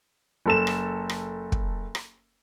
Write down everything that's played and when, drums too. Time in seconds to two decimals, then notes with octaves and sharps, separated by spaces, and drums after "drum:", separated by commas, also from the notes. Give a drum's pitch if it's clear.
0.46 F#1 A4 E7
0.67 drum: rim click
1.09 drum: rim click
1.52 drum: kick
1.95 drum: rim click